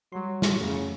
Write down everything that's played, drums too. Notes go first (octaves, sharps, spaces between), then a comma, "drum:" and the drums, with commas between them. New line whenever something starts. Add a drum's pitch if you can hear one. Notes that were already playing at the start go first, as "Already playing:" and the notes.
F#3 G3 C6
drum: snare
F2 C#3 A3